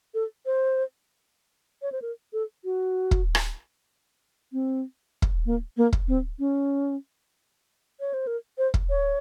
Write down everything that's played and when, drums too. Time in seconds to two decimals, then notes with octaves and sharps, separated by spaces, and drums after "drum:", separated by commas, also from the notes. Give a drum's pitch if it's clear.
0.14 A4
0.46 C5
1.82 C#5
1.92 C5
2.02 A#4
2.33 A4
2.64 F#4
3.11 drum: kick
3.35 drum: rim click
4.52 C4
5.22 drum: kick
5.46 A#3
5.77 A#3
5.93 drum: kick
6.08 C4
6.39 C#4
8.00 C#5
8.13 C5
8.27 A#4
8.58 C5
8.74 drum: kick
8.89 C#5